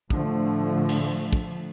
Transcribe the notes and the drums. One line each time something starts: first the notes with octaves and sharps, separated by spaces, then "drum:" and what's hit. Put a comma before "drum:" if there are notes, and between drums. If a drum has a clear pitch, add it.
A2 D3 F3 A3, drum: kick
drum: cymbal
drum: kick